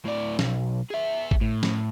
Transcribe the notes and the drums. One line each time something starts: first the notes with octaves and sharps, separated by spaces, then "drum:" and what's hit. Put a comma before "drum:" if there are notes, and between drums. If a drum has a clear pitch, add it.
A2 D5
B1, drum: snare
G#4 E5
drum: kick G#1
A2
drum: snare